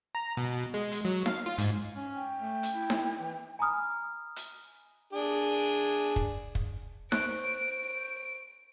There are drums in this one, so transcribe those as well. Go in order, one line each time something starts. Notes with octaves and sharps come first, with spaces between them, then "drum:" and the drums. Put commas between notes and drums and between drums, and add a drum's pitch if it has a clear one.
A#5
B2
G#3
drum: hi-hat
F#3
F5, drum: snare D#4
F4
G#2, drum: hi-hat
C#4
G5
A3
drum: hi-hat
E4
drum: snare D#4
E3
G#5 A#5 B5 D#6 F6
drum: hi-hat
D4 G#4
drum: kick
drum: kick
C5 C#6 F#6 D7, drum: snare D#4